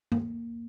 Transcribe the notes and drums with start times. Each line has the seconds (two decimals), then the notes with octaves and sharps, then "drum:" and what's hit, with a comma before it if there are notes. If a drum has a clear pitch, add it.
0.12 A#3, drum: tom G2